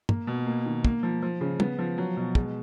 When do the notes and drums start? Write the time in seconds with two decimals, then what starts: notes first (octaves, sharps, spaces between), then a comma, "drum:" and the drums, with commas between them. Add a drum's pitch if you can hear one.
0.09 A#3, drum: tom
0.27 B2
0.46 A#3
0.66 D#3
0.85 A#3, drum: kick
1.03 F3
1.22 F3
1.41 C#3
1.60 B3, drum: tom
1.79 F3
1.98 F#3
2.17 B2
2.35 G#3, drum: kick